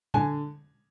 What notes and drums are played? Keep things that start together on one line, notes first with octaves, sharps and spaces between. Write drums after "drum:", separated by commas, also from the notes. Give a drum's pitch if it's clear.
D3 G#5, drum: tom A#2